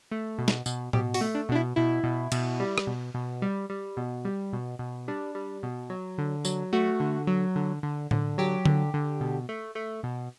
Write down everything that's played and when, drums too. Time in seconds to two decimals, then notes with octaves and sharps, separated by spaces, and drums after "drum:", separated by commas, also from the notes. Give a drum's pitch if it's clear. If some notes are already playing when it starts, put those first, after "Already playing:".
0.11 A3
0.39 B2
0.48 drum: snare
0.66 B2, drum: tambourine
0.93 B2 G4, drum: tom A2
1.14 F#4, drum: open hi-hat
1.21 A3
1.35 D4
1.49 B2 D4
1.55 E4
1.76 B2 E4
2.04 B2
2.32 B2, drum: cymbal
2.60 G3
2.78 drum: rim click
2.87 B2
3.14 B2
3.42 G3
3.70 G3
3.97 B2
4.25 G3
4.53 B2
4.79 B2
5.08 G3 D4
5.35 G3
5.63 B2
5.90 F#3
6.18 D3
6.45 F#3, drum: tambourine
6.73 A3 F#4
7.00 D3
7.27 F#3
7.56 D3
7.83 D3
8.11 D3, drum: tom A2
8.38 F#3 G4
8.65 D3, drum: tom D3
8.94 D3
9.21 B2
9.49 A3
9.75 A3
10.03 B2